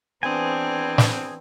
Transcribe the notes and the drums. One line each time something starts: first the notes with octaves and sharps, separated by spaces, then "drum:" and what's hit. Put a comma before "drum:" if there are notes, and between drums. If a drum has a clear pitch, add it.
E3 B3 C4 D4 G#4 G#5
drum: snare